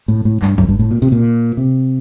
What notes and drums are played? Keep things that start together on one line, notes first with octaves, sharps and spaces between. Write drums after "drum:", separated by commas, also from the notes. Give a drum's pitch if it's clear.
A2
A2
G2, drum: clap
F#2, drum: kick G1
G2
A2
A#2
C3
A#2
C3